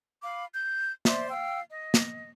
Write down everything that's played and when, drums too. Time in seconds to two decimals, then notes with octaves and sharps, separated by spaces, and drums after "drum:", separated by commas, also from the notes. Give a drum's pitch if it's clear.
0.23 F5 B5 D6
0.54 G6
1.05 C5 D5 E5 C6, drum: snare
1.29 F5 G5 E6
1.70 D#5
1.94 drum: snare